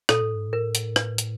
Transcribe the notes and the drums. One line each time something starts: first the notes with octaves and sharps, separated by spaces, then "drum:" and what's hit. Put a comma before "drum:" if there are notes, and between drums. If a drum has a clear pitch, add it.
A#2 A4, drum: rim click
A2
G#2
A2 A#4
drum: hi-hat
B4, drum: rim click
drum: hi-hat